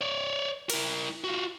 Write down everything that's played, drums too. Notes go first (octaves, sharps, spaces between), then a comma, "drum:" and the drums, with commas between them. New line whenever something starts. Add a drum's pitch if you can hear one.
C#5 D5
E4 A#4, drum: cymbal
F4 F#4